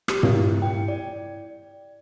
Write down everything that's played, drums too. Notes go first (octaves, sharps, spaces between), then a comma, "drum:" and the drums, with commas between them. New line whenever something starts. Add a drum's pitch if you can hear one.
G4, drum: rim click
drum: tom
E4
G5
D5